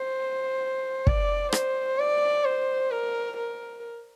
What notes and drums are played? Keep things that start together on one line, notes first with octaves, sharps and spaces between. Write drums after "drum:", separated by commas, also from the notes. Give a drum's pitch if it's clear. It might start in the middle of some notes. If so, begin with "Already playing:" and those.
Already playing: C5
D5, drum: kick
C5, drum: rim click
D5
C5
A#4
A#4